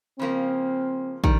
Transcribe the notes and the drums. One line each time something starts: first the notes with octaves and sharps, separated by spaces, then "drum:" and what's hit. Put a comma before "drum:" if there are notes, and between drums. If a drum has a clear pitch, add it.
C#3 F3 A#3 C4
D#3 G3, drum: kick